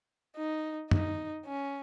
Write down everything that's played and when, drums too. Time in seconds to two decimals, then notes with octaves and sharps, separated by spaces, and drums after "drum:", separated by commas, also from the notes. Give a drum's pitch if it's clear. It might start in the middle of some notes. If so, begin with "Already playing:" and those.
0.36 D#4
0.91 D#4, drum: tom
1.46 C#4